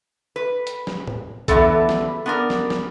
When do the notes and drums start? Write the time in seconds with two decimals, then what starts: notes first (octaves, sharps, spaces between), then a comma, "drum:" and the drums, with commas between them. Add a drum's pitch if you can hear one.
0.36 B4
0.67 drum: hi-hat
0.87 drum: snare
1.07 drum: tom
1.48 D3 E3 A3 B3 A4, drum: kick, hi-hat
1.89 drum: snare
2.26 B3 D4 A#4
2.50 drum: snare
2.70 drum: snare